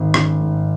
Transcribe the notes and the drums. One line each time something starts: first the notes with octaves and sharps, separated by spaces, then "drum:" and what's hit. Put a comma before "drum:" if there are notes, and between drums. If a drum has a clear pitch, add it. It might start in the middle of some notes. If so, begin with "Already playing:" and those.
Already playing: G#1 G#3
C#4, drum: rim click
G#2